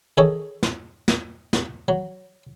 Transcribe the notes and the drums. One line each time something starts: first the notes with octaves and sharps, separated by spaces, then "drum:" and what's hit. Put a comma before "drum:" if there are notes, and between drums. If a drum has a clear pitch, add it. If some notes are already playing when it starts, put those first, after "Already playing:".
D#3 G#4 A4 C#5
drum: snare
drum: snare
drum: snare
F#3